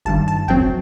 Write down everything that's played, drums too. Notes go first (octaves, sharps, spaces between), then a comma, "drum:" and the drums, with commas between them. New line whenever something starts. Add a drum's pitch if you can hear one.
G1 G2 D#3 A5
A5
F#2 F#3 C4 G5, drum: kick E2